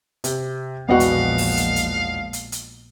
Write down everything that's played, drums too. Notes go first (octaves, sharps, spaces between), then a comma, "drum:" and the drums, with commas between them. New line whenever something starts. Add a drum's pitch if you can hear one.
C3, drum: hi-hat
E1 A#1 B3 F#4 D#5 F5 F#5
drum: hi-hat
drum: open hi-hat
drum: hi-hat
drum: hi-hat
drum: hi-hat
drum: hi-hat